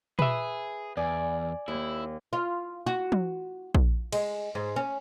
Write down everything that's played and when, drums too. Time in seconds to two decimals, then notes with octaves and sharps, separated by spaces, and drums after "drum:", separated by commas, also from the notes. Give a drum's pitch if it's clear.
0.19 G#4 B4 E5, drum: tom
0.97 E2 D5 G#5
1.68 D#2 E4
2.33 F4
2.86 F#4
3.12 drum: tom
3.75 drum: kick A#1
4.13 G#3, drum: cymbal
4.55 G#2
4.76 C#4